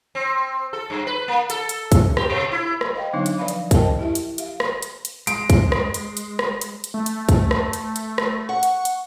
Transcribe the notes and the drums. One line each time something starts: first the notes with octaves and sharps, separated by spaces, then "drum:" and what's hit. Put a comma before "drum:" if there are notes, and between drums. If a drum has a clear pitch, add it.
C4
A4
G2
B4
A#3
A4, drum: hi-hat
drum: hi-hat
drum: kick, hi-hat
G4, drum: rim click
B2
E4
drum: rim click
C5 D#5 F5 G5
D3 F#3 B3 D4 D#4
drum: hi-hat
F3 B4 D5 E5 F5 B5
drum: hi-hat
A#4 C5 D#5 G5 A5, drum: kick, hi-hat
E4 G4 E5
drum: hi-hat
G4 E5 F5, drum: hi-hat
drum: rim click
drum: hi-hat
drum: hi-hat
G#3 D7, drum: hi-hat
drum: kick, hi-hat
drum: rim click
drum: hi-hat
drum: hi-hat
drum: rim click
drum: hi-hat
drum: hi-hat
A3
drum: hi-hat
drum: kick, hi-hat
drum: rim click
drum: hi-hat
drum: hi-hat
drum: rim click
F#5 C#6
drum: hi-hat
drum: hi-hat